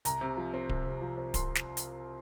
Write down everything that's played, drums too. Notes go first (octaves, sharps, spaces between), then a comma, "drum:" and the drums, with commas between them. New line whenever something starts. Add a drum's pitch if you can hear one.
C2 A#5, drum: hi-hat
C3
F3
C4
C2, drum: kick D1
C3
F3
C4
C2 C6, drum: kick D1, hi-hat
drum: snare
drum: hi-hat